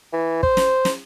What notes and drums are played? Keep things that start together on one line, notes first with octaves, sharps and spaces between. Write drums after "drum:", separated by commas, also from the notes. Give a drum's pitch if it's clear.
E3
C5, drum: kick
drum: snare
drum: snare